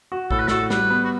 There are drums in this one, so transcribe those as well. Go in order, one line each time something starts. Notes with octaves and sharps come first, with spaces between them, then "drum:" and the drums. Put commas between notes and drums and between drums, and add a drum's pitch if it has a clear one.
F#4
A2 A4, drum: kick
B4
F#4 A4, drum: snare
G3 B4, drum: snare
B3
F#4